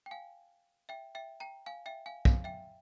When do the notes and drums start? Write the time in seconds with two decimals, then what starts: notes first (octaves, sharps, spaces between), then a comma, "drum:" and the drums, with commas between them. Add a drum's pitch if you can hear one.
0.06 G5
0.11 F5 G#5
0.89 E5 G5
1.15 E5 G5
1.40 G5 A#5
1.66 F5 G#5
1.86 E5 G5
2.06 F5 G#5
2.25 F5 G#5, drum: kick
2.44 E5 G5